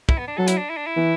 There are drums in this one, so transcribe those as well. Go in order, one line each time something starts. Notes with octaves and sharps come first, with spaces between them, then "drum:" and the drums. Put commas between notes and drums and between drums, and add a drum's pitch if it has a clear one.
E4, drum: kick
B3
D4
F#3 A4
E4, drum: hi-hat
D4
E4
D4
E4
E3